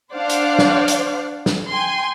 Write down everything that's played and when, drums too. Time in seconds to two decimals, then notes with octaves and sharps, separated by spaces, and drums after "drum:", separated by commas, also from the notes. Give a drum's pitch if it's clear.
0.15 D4 C5 D5 F5 F#5
0.29 drum: hi-hat
0.59 drum: snare
0.88 drum: hi-hat
1.46 drum: snare
1.69 G5 G#5 C6